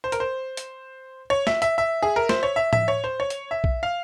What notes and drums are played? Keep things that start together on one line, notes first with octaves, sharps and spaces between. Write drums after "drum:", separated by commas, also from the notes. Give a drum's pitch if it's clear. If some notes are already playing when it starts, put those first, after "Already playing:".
C5
A#4, drum: hi-hat
C5
drum: hi-hat
C#5
E5, drum: snare
E5, drum: hi-hat
E5
G#4
A#4
C5, drum: snare
C#5
E5
E5, drum: tom A2
C#5
C5
C#5
drum: hi-hat
E5
drum: kick B1
F5